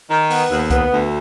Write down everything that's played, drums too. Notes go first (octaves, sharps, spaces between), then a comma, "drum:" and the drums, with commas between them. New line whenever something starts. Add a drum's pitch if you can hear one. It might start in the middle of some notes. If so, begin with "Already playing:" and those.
D#3
B3, drum: open hi-hat
D#2
B3, drum: kick C2, hi-hat
D2